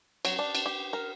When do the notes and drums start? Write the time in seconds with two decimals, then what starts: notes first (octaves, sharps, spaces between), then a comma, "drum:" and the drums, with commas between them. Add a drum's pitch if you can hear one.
0.25 F#3, drum: cymbal
0.39 D4
0.55 drum: cymbal
0.66 G4
0.93 A#4